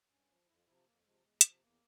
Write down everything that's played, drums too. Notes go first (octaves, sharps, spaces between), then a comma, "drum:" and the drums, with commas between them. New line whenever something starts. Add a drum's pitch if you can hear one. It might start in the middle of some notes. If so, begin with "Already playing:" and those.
G2 C#4
F3
F2 E4
F4
C3 F3 E4
F4
F2 A#3
C3 F3 G#3
E2 G#3
C3 F3, drum: hi-hat
E2 A#3